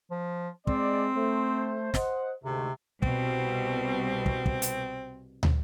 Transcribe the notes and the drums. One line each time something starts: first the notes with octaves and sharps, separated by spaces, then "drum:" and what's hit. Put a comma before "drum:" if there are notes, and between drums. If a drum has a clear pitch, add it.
F3
G#3 C4 D5, drum: kick
A3 C5
C5 D#5 F#5, drum: snare
D2 G#2 C3 A3
C2 B2 C4, drum: kick
drum: kick
drum: kick
drum: hi-hat
drum: tom